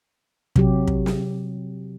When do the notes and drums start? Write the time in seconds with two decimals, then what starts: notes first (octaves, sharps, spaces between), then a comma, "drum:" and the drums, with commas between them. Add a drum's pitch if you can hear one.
0.56 C3 F#3 G4, drum: kick
0.87 drum: kick
1.06 drum: snare